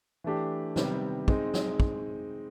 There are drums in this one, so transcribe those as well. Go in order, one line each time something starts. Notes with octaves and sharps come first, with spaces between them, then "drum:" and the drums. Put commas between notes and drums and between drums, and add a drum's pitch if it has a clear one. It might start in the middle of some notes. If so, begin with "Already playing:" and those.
E3 A3 D4 G4
C3 D#3 G3 B3, drum: snare
G#3 C4 D#4, drum: kick
drum: snare
drum: kick